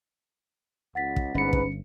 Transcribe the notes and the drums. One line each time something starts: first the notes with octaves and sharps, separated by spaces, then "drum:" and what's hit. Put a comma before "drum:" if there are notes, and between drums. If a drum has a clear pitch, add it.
C#2 F#5 A6 B6
drum: kick
G1 G#2 C#4 B4 C#7
drum: kick